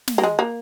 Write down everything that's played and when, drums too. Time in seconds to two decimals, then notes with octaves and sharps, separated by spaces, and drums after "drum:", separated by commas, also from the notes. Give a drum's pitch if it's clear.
0.08 drum: snare
0.18 A#3
0.23 G#3
0.39 A#3